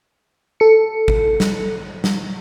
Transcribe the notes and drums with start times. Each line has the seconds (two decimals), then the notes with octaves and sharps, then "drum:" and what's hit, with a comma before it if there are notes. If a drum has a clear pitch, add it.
0.60 A4 C#7
1.08 drum: kick G#1
1.40 drum: snare
2.04 drum: snare